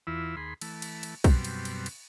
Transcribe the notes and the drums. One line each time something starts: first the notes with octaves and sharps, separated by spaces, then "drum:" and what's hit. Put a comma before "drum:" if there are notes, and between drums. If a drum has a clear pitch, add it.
E2 E3 E4 F4 E6
D#2 G#4 B5 C6
E3 A3, drum: cymbal
drum: cymbal
drum: cymbal
F#2 B2 G3 C4, drum: kick B1, cymbal
drum: cymbal
drum: cymbal
drum: cymbal